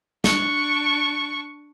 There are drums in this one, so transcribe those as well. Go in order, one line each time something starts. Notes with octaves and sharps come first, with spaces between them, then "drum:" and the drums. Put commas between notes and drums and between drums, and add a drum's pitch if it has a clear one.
D4 C#6, drum: snare